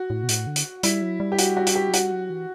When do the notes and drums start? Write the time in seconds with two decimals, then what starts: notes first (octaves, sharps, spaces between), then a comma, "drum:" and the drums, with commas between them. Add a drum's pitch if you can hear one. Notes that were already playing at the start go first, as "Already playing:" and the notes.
Already playing: F#4
0.10 A2
0.23 B2
0.29 A2, drum: hi-hat
0.47 D3
0.56 drum: hi-hat
0.83 G3 E4, drum: hi-hat
1.02 F#3
1.20 G3
1.32 G4
1.39 F#4, drum: hi-hat
1.57 F#4
1.67 F#4, drum: hi-hat
1.75 G4
1.89 F#3
1.94 G3 F#4, drum: hi-hat
2.12 F#3
2.30 E3